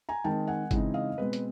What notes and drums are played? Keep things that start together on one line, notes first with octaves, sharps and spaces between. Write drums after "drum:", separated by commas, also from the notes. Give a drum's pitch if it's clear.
G#5 A#5
D#3 G#3 C4 G5 A5
F#5 G#5
C#3 E3 G#3 C4 D#4, drum: kick G1, hi-hat
D#5 F5
B2 G#3 C4 B4
drum: hi-hat